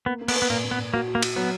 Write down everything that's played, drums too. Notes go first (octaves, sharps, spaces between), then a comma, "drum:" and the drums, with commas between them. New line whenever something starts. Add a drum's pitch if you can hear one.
A#3 B3
A#3
B3, drum: cymbal
B4
B3
A#2 A#3
A#2
B3
A#2
A#3 F#4
F#4
A#3
F#4, drum: cymbal
F#3 B3